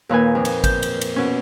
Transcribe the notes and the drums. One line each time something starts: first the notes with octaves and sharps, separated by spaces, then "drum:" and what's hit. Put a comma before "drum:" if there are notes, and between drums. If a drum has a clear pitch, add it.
D#2 A#2 B4 G#5
F2
drum: cymbal
G6, drum: kick, cymbal
drum: cymbal
drum: cymbal
B2 C#4